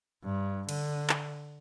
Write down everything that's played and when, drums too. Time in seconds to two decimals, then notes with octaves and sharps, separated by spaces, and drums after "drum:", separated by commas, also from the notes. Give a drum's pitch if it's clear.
0.24 G2
0.69 D3, drum: cymbal
1.09 drum: clap